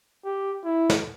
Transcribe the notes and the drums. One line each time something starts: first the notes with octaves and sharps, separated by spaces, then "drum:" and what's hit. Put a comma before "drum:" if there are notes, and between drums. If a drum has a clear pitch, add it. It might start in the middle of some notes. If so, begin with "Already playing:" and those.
G4
E4
drum: snare